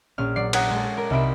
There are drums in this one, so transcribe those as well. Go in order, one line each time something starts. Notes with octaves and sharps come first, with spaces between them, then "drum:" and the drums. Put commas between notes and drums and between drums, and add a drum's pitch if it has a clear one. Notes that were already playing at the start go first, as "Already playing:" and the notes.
A#1 C#4 F6
F#3 D5 C7
C#5 F#5 A#5 D#6, drum: cymbal
G#3 A4
A#4
C2 D#4 F4 E5 B5 D7